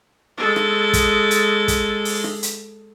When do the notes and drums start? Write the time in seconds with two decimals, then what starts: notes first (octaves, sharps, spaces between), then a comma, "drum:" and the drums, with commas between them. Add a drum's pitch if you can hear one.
0.37 G#3 A4
0.56 drum: rim click
0.93 drum: kick, hi-hat
1.31 drum: hi-hat
1.68 drum: kick, hi-hat
2.05 drum: open hi-hat
2.24 drum: rim click
2.43 drum: hi-hat